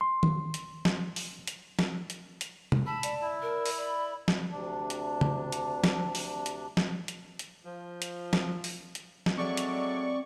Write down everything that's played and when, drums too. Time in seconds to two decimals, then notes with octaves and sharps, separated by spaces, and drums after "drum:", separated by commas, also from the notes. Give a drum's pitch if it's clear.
0.01 C6
0.23 drum: tom D#3
0.54 drum: hi-hat
0.85 drum: snare
1.16 drum: open hi-hat
1.47 drum: hi-hat
1.79 drum: snare
2.10 drum: hi-hat
2.41 drum: hi-hat
2.72 drum: tom C3
2.86 A5 B5 E6
3.03 D5, drum: hi-hat
3.22 E4
3.42 A#4
3.66 drum: open hi-hat
3.78 D5 B5
4.28 drum: snare
4.51 D2 C3 D4
4.90 drum: hi-hat
5.21 drum: tom C#3
5.52 drum: hi-hat
5.84 drum: snare
6.15 drum: open hi-hat
6.46 drum: hi-hat
6.77 drum: snare
7.08 drum: hi-hat
7.39 drum: hi-hat
7.64 F3
8.02 drum: hi-hat
8.33 drum: snare
8.64 drum: open hi-hat
8.95 drum: hi-hat
9.26 drum: snare
9.37 F#3 G#3 A3 C4 D5 C#6
9.57 drum: hi-hat